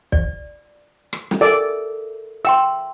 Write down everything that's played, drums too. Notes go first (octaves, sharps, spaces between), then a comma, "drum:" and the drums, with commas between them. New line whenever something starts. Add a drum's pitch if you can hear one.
D5, drum: kick
drum: rim click
drum: snare
A4 A#4 D5 E5
E5 G5 C6 E6, drum: hi-hat